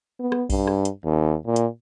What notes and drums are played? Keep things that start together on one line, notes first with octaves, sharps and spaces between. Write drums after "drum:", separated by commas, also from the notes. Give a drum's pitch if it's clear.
B3
drum: rim click
G2, drum: kick A#1, open hi-hat
drum: rim click
drum: hi-hat
D#2
A#2
drum: hi-hat